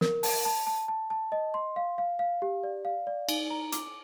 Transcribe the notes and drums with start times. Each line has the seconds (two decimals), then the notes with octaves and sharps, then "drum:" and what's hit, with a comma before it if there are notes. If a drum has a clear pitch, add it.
0.01 A#4, drum: snare
0.23 A5, drum: open hi-hat
0.45 A5
0.67 A5
0.88 A5
1.10 A5
1.32 D#5
1.54 C6
1.76 F5
1.98 F5
2.19 F5
2.42 G4
2.63 D5
2.85 F5
3.07 D5
3.29 D#4, drum: cymbal
3.50 A#5
3.72 D6, drum: hi-hat